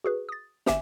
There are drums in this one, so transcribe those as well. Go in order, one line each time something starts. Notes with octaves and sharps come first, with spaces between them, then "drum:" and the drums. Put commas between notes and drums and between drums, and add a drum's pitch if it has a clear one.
F#4 G#4 B4
D#6 A6
G1 E5 G#5 D6 E7, drum: snare